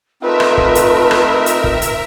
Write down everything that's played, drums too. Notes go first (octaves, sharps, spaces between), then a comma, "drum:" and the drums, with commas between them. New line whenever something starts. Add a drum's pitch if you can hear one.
A3 C4 D#4 F4 A#4 B4 E5
drum: rim click
drum: kick
drum: hi-hat
drum: rim click
drum: hi-hat
drum: kick
drum: hi-hat